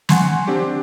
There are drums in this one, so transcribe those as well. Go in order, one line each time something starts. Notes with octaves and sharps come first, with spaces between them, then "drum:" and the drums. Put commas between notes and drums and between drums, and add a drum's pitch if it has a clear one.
F#5 G#5 C6 C#6, drum: snare
C4 D4 G4